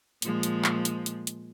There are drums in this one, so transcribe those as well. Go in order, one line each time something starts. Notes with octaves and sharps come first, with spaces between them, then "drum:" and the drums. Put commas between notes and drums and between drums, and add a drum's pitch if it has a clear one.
A#2 F3 G#3, drum: hi-hat
drum: hi-hat
drum: clap
drum: hi-hat
drum: hi-hat
drum: hi-hat